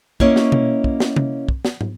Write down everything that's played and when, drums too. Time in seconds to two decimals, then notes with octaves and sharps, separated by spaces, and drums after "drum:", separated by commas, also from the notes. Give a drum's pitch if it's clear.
0.20 A#3 C#4 E4 C#5 D#5, drum: kick
0.36 drum: snare
0.52 drum: tom B2
0.84 drum: kick
1.00 drum: snare
1.16 drum: tom C3
1.49 drum: kick
1.65 drum: snare
1.81 drum: tom